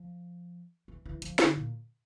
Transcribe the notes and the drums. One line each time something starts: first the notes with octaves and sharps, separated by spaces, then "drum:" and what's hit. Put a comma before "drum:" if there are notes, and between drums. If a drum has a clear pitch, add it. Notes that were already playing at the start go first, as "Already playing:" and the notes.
Already playing: F3
E3
E3
F3, drum: hi-hat
D3, drum: snare
A#2